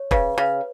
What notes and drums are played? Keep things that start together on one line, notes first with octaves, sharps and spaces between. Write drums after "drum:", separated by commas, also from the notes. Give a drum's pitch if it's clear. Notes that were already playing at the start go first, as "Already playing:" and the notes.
Already playing: C#5
C#3 B4, drum: kick E1
C#3